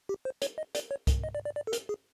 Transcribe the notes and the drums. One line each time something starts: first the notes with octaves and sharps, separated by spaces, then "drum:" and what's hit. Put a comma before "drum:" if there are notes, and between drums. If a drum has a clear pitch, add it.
G4
C5
C#5, drum: hi-hat
D#5
D5, drum: hi-hat
C#5
drum: kick C2, hi-hat
D#5
D5
D5
D5
A4
A#4, drum: hi-hat
G#4